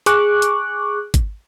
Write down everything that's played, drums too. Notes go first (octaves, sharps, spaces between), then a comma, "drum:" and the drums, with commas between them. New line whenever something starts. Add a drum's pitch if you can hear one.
G#4 C#6 D6 F#6, drum: hi-hat
drum: hi-hat
drum: kick, hi-hat